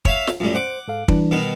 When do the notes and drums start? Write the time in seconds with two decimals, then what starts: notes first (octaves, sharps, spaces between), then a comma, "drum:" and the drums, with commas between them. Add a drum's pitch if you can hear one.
0.05 C#5 E5 F5, drum: kick
0.27 drum: snare
0.40 F#2 A2 G3 F4
0.55 C5 F#5 D6
0.88 G#2 A4 F5
1.08 E3 G3 D4, drum: kick
1.31 B2 D#3 B3